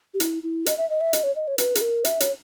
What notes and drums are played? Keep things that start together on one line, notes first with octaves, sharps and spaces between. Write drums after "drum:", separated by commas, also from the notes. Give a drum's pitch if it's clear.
G4
E4, drum: hi-hat
E4
D#5, drum: hi-hat
E5
D#5
E5
D#5, drum: hi-hat
C#5
D#5
C#5
B4, drum: hi-hat
G#4, drum: hi-hat
A#4
E5, drum: hi-hat
C#5, drum: hi-hat